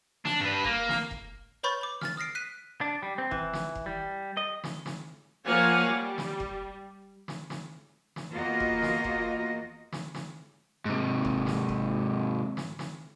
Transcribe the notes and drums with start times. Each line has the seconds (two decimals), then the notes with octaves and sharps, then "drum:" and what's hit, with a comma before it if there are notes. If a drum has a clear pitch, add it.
0.25 D4, drum: snare
0.40 G2 B4
0.65 A#3, drum: kick F1
0.89 drum: snare
1.11 drum: kick F1
1.63 B4 C#5 B5 C#6 G6 A6
1.81 B5 D6
2.01 F6 A6, drum: snare
2.17 D#6 F6 A#6 C7 D7
2.35 F#6 B6 D#7
2.81 D4
3.03 G3
3.18 C4
3.31 E3, drum: kick F1
3.53 drum: snare
3.75 drum: kick F1
3.86 G3
4.37 D#5
4.64 drum: snare
4.86 drum: snare
5.46 F3 A#3 C#5 F5 F#5 G#5
5.88 G3
6.18 drum: snare
6.40 drum: kick F1
7.28 drum: snare
7.50 drum: snare
8.16 drum: snare
8.32 E2 A#3 F4 F#4 A#4 D#5
8.60 drum: kick F1
8.82 drum: snare
9.04 drum: kick F1
9.92 drum: snare
10.14 drum: snare
10.85 G#2 C3
11.25 drum: kick F1
11.47 drum: snare
11.69 drum: kick F1
12.57 drum: snare
12.79 drum: snare